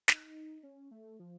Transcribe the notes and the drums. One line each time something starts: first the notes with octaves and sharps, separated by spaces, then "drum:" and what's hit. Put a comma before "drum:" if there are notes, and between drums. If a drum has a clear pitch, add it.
D#4, drum: snare
C#4
A3
F3